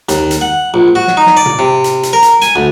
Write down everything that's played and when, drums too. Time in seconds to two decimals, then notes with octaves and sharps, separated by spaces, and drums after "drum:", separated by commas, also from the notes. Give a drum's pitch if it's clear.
0.09 D#2, drum: hi-hat
0.31 drum: hi-hat
0.41 F#5
0.74 A#1
0.95 F#4
1.07 drum: snare
1.17 D#4
1.27 drum: snare
1.37 D5
1.46 drum: tom
1.59 C3
1.84 drum: hi-hat
2.03 drum: hi-hat
2.13 A#4
2.22 drum: hi-hat
2.42 G#5, drum: hi-hat
2.56 D2